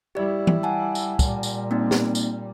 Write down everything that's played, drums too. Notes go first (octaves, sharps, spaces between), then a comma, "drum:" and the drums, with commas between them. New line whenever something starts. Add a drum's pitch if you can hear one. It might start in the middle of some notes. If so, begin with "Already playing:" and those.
G3 E4 G4 D5
drum: tom E3
F#5 G#5 A5
drum: tambourine
A#2 G3, drum: kick, tambourine
drum: tambourine
A#3 C4 D#4
drum: snare
drum: tambourine